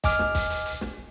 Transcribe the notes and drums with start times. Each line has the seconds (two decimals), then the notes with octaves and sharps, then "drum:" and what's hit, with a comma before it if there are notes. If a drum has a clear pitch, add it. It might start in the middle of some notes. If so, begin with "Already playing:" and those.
0.04 D#5 G#5 D6 F6, drum: kick, hi-hat
0.19 drum: snare
0.35 drum: kick, hi-hat
0.50 drum: hi-hat
0.66 drum: hi-hat
0.81 drum: snare